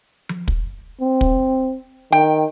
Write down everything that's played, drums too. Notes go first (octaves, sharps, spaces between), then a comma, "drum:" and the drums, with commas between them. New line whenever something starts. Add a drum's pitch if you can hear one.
drum: tom F3
drum: kick
C4
drum: kick
D#3 G5